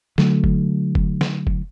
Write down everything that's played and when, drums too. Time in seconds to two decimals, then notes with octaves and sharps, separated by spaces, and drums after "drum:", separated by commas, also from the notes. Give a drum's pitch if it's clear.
0.18 D3 F#3 A3, drum: snare
0.44 drum: kick F1
0.95 drum: kick F1
1.21 drum: snare
1.47 drum: kick F1